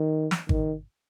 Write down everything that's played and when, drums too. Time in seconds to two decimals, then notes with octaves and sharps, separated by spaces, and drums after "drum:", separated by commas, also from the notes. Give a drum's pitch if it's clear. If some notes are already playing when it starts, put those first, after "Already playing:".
Already playing: D#3
0.31 drum: snare
0.49 D#3, drum: kick G#1